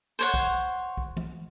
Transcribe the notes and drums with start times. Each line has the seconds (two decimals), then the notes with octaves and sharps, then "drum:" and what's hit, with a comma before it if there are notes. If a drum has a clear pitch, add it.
0.19 C5 C#5 F#5
0.34 drum: kick B1
0.97 drum: kick B1
1.17 drum: tom